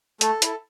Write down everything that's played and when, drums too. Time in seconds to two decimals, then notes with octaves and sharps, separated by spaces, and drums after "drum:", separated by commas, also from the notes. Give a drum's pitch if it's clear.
0.21 A3 A4, drum: hi-hat
0.42 E4 A4, drum: hi-hat